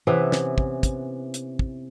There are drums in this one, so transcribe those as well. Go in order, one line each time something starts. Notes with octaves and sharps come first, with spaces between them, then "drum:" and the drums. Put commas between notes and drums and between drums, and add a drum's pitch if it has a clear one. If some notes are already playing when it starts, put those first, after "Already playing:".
C3 E3 B3 C#4
drum: snare
drum: kick
drum: kick, hi-hat
drum: hi-hat
drum: kick